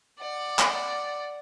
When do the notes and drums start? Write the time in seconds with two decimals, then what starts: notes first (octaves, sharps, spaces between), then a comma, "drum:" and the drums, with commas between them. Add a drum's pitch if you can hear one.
0.19 D5 F#5
0.59 drum: clap